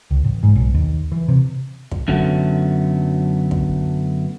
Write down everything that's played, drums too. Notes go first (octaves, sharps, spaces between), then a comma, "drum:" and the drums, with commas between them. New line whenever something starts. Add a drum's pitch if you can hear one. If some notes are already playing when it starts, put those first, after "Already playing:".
C#2
A1
G#2
B1
D#2
E3
C3
drum: kick
F#2 D3 F#3 A3 B3
drum: kick